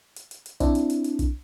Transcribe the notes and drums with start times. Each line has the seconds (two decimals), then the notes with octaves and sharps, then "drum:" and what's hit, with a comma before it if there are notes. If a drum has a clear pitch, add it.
0.16 drum: hi-hat
0.31 drum: hi-hat
0.46 drum: hi-hat
0.60 C4 D4 E4, drum: kick, hi-hat
0.75 drum: hi-hat
0.90 drum: hi-hat
1.04 drum: hi-hat
1.19 drum: kick, hi-hat